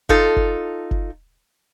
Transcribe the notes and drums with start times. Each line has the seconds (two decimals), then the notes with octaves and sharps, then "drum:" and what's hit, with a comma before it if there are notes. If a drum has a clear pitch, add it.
0.09 D#4 F4 A4, drum: kick F#1
0.36 drum: kick F#1
0.91 drum: kick F#1